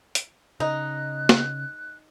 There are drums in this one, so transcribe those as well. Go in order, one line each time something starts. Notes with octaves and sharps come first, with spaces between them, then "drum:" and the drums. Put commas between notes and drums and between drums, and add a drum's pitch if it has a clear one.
drum: hi-hat
C#3 D#4 D#5 F#6
drum: snare